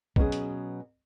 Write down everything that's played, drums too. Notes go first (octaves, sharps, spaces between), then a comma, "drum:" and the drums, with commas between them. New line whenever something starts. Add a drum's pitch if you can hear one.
B2 F#3 C#4 G#4, drum: kick
drum: hi-hat